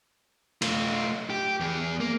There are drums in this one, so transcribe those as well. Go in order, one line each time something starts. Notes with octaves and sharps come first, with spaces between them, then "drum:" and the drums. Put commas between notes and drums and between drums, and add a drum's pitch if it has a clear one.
A3 F4, drum: cymbal
G4
E2 G#4
A#3